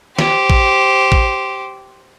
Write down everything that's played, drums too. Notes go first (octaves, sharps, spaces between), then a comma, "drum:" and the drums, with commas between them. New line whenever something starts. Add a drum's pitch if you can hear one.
G4 C5, drum: snare
drum: kick
drum: kick